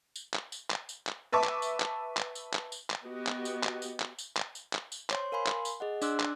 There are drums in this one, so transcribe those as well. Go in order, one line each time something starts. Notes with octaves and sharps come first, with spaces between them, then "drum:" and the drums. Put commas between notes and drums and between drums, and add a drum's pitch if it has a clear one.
drum: tambourine
drum: clap
drum: tambourine
drum: clap
drum: tambourine
drum: clap
B4 E5 A5 C#6 D6
drum: clap
drum: tambourine
drum: clap
drum: clap
drum: tambourine
drum: clap
drum: tambourine
drum: clap
B3 F#4 G4 D#5
drum: clap
drum: tambourine
drum: clap
drum: tambourine
drum: clap
drum: tambourine
drum: clap
drum: tambourine
drum: clap
drum: tambourine
C5 C#5 C6, drum: clap
A#4 F5 G#5 B5 C6
drum: clap
drum: tambourine
G#4 D#5 F#5
D4 D5 C6 D6 E6 F#6, drum: tambourine
drum: clap